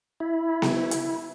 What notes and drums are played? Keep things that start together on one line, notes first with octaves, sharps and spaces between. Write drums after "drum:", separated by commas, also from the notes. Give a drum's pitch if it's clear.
E4
drum: snare B3
drum: hi-hat